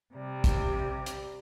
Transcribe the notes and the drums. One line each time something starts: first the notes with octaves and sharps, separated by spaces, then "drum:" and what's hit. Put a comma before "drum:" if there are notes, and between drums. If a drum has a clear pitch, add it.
C3 G3
drum: kick, hi-hat
drum: hi-hat